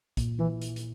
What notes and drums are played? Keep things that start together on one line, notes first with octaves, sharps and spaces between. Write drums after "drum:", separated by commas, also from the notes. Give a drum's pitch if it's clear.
A#2, drum: kick, hi-hat
E3 E4
drum: hi-hat
drum: hi-hat